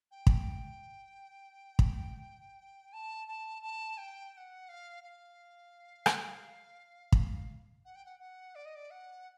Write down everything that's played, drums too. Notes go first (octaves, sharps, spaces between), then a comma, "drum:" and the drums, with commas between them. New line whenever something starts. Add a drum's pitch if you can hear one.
G5
drum: kick
drum: kick
A5
A5
A5
G5
G5
F#5
F5
F5
drum: rim click
drum: kick
F#5
G5
F#5
F#5
D5
D#5
D5
F#5